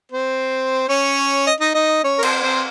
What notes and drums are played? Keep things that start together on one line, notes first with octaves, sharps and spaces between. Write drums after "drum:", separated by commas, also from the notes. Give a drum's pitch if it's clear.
C4 C5
C#4 C#5
D#5
D#4 D#5
D#4 D#5
C#4 C#5
A#4
C4 C5, drum: cymbal
C4 C5